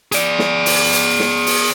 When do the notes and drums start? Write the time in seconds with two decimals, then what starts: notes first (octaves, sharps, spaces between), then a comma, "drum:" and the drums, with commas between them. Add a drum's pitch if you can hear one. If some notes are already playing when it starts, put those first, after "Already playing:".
0.12 G#4 D5, drum: hi-hat
0.39 drum: snare
0.66 drum: open hi-hat
0.93 drum: hi-hat
1.20 drum: snare
1.46 drum: open hi-hat